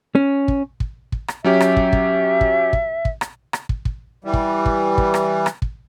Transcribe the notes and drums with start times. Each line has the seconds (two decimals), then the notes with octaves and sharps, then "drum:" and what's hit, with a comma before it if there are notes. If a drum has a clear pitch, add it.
0.15 C#4
0.48 drum: kick
0.80 drum: kick
1.12 drum: kick
1.28 drum: rim click
1.44 F#3 C#4 G4 E5
1.60 drum: rim click
1.77 drum: kick
1.93 drum: kick
2.41 drum: kick
2.73 drum: kick
3.05 drum: kick
3.21 drum: rim click
3.53 drum: rim click
3.69 drum: kick
3.85 drum: kick
4.24 E3 G3
4.33 drum: kick
4.66 drum: kick
4.98 drum: kick
5.14 drum: rim click
5.46 drum: rim click
5.62 drum: kick